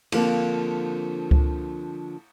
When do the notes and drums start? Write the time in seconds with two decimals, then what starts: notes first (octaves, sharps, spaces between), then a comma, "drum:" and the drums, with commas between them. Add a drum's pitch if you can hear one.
0.12 D3 F3 A#3 C4, drum: cymbal
1.31 drum: kick C#2